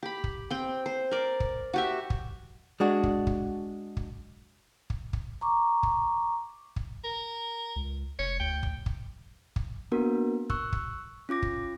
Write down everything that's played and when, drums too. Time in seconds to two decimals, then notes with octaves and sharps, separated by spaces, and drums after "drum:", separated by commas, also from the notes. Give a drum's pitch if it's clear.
0.03 G4 B5
0.24 drum: kick
0.50 C4 G5
0.86 C5
1.11 A#4 D5
1.40 drum: kick
1.74 F#4 G4 E5
2.10 drum: kick
2.80 G#3 D4 F#4
3.03 drum: kick
3.27 drum: kick
3.97 drum: kick
4.90 drum: kick
5.13 drum: kick
5.41 A#5 C#6 D6
5.83 drum: kick
6.76 drum: kick
7.04 A#4
7.76 C#2
8.19 F1 C#5
8.40 D2 G5
8.63 drum: kick
8.86 drum: kick
9.56 drum: kick
9.92 A#3 B3 D4 F#4 A#4
10.50 C#6 E6 F#6, drum: kick
10.73 drum: kick
11.29 C#4 F4 D6 A#6
11.42 drum: kick